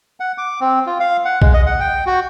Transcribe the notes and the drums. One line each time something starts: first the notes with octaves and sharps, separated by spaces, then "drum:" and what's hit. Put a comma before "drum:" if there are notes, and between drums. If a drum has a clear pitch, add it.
F#5
D6
C4
F4
F5
F#5
G#3, drum: kick B1
D#5
F#5
G5
F#4